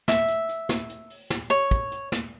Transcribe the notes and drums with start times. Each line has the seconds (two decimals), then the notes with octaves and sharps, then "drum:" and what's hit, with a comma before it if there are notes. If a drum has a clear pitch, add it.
0.08 E5, drum: snare
0.28 drum: hi-hat
0.49 drum: hi-hat
0.69 drum: snare
0.90 drum: hi-hat
1.10 drum: open hi-hat
1.30 drum: snare
1.50 C#5, drum: hi-hat
1.71 drum: kick, hi-hat
1.92 drum: hi-hat
2.12 drum: snare